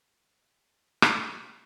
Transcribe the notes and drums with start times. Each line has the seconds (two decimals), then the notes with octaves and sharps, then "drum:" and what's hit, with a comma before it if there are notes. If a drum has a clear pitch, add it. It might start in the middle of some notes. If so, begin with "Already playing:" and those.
0.01 G#5 D6
1.02 drum: rim click